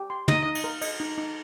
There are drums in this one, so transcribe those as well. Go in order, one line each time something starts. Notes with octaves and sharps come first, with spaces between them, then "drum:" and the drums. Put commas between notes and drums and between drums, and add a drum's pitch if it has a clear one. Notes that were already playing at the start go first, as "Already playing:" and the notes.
Already playing: G4
C6
D#4 D#5, drum: tom
D#4
drum: cymbal
A#4
D#5, drum: cymbal
D#4
D#4